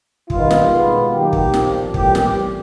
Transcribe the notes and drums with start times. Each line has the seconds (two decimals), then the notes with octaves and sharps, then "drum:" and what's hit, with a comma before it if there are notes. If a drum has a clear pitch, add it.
0.30 D#3 G3 B3 F4, drum: kick
0.51 drum: snare
0.71 B2 G#3 B3
1.12 D#3 F#3 A#3 G4
1.33 drum: kick
1.54 A#2 F3 A#3, drum: snare
1.94 A2 E3 G3 A#3 G4, drum: kick
2.15 drum: snare